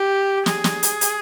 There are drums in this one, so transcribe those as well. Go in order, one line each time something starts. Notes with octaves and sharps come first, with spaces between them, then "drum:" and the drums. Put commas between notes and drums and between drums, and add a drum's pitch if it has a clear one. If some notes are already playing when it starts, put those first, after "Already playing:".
Already playing: G4
G#4, drum: snare
drum: snare
drum: hi-hat
drum: hi-hat